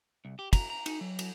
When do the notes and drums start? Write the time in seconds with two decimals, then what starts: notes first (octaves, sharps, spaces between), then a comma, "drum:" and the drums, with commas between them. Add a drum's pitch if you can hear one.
0.25 C2
0.39 G4
0.53 A#5, drum: kick, cymbal
0.70 A#5
0.86 D#4, drum: cymbal
1.01 F#3
1.19 drum: cymbal